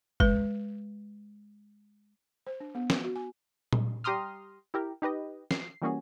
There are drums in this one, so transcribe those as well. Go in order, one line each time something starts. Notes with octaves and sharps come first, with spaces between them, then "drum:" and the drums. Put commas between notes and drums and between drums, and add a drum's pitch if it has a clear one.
G#3 B4, drum: kick
C5
D4
B3
drum: snare
F#4
G#5
drum: tom A#2
G3 G4 A#5 C6 D#6 F6
E4 G4 A#4
D#4 G4 B4 D#5
C7, drum: snare
E3 G3 A#3 C#4 F#4 G#4